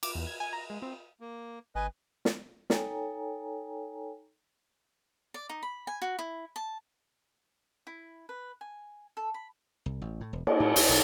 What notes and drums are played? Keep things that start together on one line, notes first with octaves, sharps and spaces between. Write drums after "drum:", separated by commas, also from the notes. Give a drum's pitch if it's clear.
D6, drum: cymbal
E2
G#6
G#5
A#5
G#3
C4
A#3
G#1 B4 D#5 G#5
drum: snare
D#4 A4 C#5 G5 G#5 A#5, drum: snare
D5
D#4
B5
G#5
F#4
E4
A5
E4
B4
G#5
A4
B5
C2
A1
A2
E1
A#3, drum: cymbal
A2
D2, drum: open hi-hat
B1